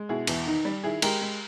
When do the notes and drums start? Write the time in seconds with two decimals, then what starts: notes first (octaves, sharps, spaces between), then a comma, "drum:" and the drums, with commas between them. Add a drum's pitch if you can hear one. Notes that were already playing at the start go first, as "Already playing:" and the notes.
Already playing: G#3
0.09 B2 E4 G#4
0.27 E2 E4, drum: cymbal
0.46 D#3 D#4
0.65 G3
0.84 D#3 E4 G#4
1.02 G#3 G4 A#4, drum: cymbal
1.21 G#3